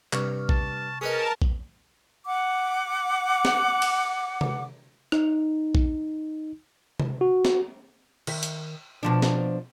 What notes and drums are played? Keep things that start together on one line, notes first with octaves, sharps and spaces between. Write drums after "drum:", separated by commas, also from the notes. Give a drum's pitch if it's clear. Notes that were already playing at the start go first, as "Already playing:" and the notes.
G2 C3 C#6 F6, drum: clap
A5, drum: kick A#1
C#4 G#4 A#4 B4 D#5 A5
drum: kick A#1
F#5 D6
drum: snare
drum: cymbal
drum: tom C3
D#4, drum: rim click
drum: kick A#1
drum: tom C3
F#4
drum: snare
D#3 E5, drum: cymbal
drum: hi-hat
B2 F3 D4
drum: snare